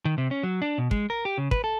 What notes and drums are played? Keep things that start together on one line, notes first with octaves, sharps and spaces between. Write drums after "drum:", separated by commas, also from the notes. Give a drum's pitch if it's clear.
D#3
C3
C#4
F#3
D4
B2
G#3, drum: kick
A#4
G4
C#3
B4, drum: kick
A4